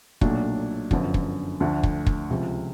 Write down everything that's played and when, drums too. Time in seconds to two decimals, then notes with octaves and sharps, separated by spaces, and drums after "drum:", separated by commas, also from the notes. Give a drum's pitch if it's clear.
0.21 B1 A#2 F#3 A3 D4, drum: kick
0.91 G1 F#2 D3 F3, drum: kick
1.14 drum: kick
1.60 D2 D3 F3 A3 D4
1.83 drum: kick
2.06 drum: kick
2.30 C#2 C3 F3